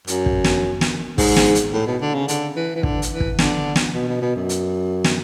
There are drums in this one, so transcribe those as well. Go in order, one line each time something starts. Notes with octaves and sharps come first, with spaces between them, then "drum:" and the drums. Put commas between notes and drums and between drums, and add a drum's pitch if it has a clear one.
F#2, drum: hi-hat
drum: kick
drum: snare
drum: snare
G#2, drum: kick, open hi-hat
drum: snare
drum: hi-hat
A2
B2
D3
C#3
D3, drum: hi-hat
E3
E3
D3, drum: kick
drum: hi-hat
E3
drum: kick
D3, drum: snare
drum: snare
B2
B2
B2
F#2
drum: hi-hat
drum: snare